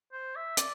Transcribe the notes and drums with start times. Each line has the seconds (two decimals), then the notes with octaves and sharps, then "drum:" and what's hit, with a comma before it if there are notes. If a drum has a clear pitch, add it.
0.13 C5
0.36 E5
0.57 D5, drum: hi-hat